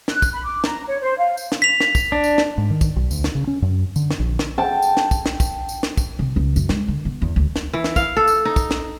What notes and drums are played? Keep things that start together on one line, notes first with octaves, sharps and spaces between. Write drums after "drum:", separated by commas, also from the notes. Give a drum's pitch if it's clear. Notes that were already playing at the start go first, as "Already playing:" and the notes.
F#6, drum: snare
drum: kick, tambourine
B5
D6
A#5, drum: snare
C#5
C5
F5
drum: tambourine
drum: snare
B6 F7
drum: snare
drum: kick, tambourine
D4
drum: tambourine
drum: snare
G#2
D#3
drum: kick, tambourine
B1
D2, drum: tambourine
drum: snare
C#3
C#4
F#2
D3, drum: tambourine
drum: snare
A#1
drum: snare
G5 A5
drum: tambourine
drum: snare
drum: kick, tambourine
drum: snare
drum: kick, tambourine
drum: tambourine
drum: snare
drum: kick, tambourine
C3
C#2
F#2, drum: tambourine
G#3, drum: snare
D3
B3
E2
D2
drum: snare
E3
drum: snare
F5, drum: kick, tambourine
A4
drum: tambourine
D#4
drum: kick, tambourine
drum: snare